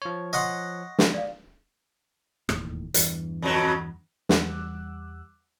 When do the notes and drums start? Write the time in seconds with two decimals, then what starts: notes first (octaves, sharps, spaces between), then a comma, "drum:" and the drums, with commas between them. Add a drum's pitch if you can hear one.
0.02 F3 C#5
0.33 D#5 F#5 C6 C#6 F#6
0.99 drum: snare
1.14 D5 F5
2.49 E1 D#2 A2, drum: rim click
2.94 E2 G2 E3, drum: hi-hat
3.42 F2 B2 F#3
4.29 E2 G3 F#5 D6 E6 F#6, drum: snare